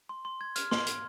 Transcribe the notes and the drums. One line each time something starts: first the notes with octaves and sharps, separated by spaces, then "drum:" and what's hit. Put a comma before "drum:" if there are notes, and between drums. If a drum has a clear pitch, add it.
C6
C6
G#6
F6, drum: hi-hat
C6, drum: snare
C6, drum: hi-hat